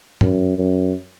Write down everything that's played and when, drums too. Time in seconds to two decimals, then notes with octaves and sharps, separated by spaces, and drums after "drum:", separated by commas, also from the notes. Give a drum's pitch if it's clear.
0.21 F#2, drum: tom G2
0.58 F#2